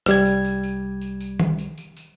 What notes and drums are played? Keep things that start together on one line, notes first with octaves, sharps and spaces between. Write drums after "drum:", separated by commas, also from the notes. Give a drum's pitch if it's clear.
C2 G3 G#6, drum: rim click
drum: tambourine
drum: tambourine
drum: tambourine
drum: tambourine
drum: tambourine
drum: tom D#3
drum: tambourine
drum: tambourine
drum: tambourine